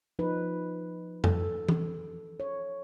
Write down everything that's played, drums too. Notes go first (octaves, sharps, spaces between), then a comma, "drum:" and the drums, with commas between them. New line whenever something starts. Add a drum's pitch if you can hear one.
F3 D#4 B4
A4, drum: tom
drum: tom E3
C#5